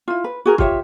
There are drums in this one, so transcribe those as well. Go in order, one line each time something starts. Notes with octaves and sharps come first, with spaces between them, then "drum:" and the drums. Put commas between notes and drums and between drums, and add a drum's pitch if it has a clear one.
E4 F4
B4
F#4 G#4 A#4
F4 G4 C#5 E5, drum: kick